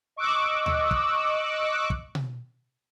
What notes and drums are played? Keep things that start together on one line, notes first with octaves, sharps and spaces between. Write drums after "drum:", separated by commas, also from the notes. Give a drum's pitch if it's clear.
D#5 C#6 D6 E6 F#6
drum: tom D2
drum: kick
drum: kick
drum: tom B2